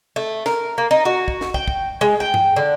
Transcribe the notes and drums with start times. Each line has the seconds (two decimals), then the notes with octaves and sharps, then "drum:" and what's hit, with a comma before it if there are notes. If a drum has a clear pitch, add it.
0.16 A3
0.46 A#4, drum: snare
0.78 A#3
0.91 D#4
1.05 F#4
1.28 drum: kick
1.41 drum: snare
1.54 G5, drum: kick
1.68 drum: kick
2.01 G#3
2.20 G5
2.34 drum: tom G2
2.56 D3